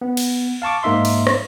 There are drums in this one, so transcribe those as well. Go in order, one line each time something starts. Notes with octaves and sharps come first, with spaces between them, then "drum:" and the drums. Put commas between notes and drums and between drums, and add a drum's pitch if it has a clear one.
B3
drum: cymbal
F5 A5 C#6 D6
G#2 A#3 D#4 E5 C6
drum: cymbal
drum: rim click